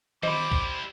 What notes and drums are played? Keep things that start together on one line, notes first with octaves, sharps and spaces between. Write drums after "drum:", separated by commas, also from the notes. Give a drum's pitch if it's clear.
G3 E4 C5 D#5 B5 D6, drum: tom D#3
drum: kick B1